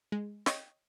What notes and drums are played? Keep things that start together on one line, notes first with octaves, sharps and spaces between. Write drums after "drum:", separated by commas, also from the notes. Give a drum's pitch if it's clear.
G#3
C#5 D#5 G5, drum: snare